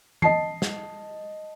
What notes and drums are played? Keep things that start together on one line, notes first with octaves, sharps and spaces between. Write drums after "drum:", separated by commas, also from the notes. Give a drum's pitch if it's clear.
D#5 A5 C7, drum: tom
drum: snare